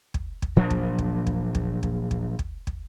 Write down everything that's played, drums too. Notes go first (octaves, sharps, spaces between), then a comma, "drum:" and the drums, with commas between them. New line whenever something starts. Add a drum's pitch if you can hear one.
drum: kick
drum: kick
A#2 F3 F#3 D4
drum: kick
drum: kick
drum: kick
drum: kick
drum: kick
drum: kick
drum: kick
drum: kick